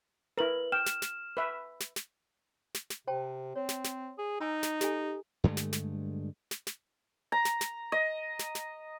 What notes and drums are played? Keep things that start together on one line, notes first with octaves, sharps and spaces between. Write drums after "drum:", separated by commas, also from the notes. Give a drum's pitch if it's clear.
E4 A#4 B4 F#7
G5 F6 E7
drum: snare
drum: snare
B4 E5
drum: snare
drum: snare
drum: snare
drum: snare
C3 C5 G5 A5
C4 C#5
drum: snare
drum: snare
G#4
D#4 G#5 A#5 E6
drum: snare
G4 A4 G#5, drum: snare
G2 D3 G#3 A3
drum: snare
drum: snare
drum: snare
drum: snare
A#5
drum: snare
drum: snare
D#5
drum: snare
drum: snare